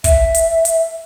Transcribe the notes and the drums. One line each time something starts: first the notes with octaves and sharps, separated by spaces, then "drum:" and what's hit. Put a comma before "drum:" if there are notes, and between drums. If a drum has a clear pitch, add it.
E5, drum: kick, hi-hat
drum: hi-hat
drum: hi-hat